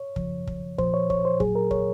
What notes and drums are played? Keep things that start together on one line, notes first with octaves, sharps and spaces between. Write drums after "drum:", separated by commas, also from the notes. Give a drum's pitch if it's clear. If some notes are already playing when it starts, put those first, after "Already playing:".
Already playing: C#5
F#2 C#3 F3, drum: kick
drum: kick
A#2 F3 C5, drum: kick
C#5
C#5, drum: kick
C5
A#2 F#3 G#4, drum: kick
A#4
C#5, drum: kick